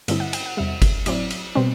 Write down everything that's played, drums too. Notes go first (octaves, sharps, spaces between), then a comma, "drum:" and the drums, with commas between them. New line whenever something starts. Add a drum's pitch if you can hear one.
G2 D3 A3 C4 E4 E5, drum: cymbal
F#5
G5, drum: cymbal
F#5
E2 C3 G3 E5
drum: kick G1, cymbal
A2 F#3 C4 E4 D5, drum: cymbal
drum: cymbal
B2 G3 C4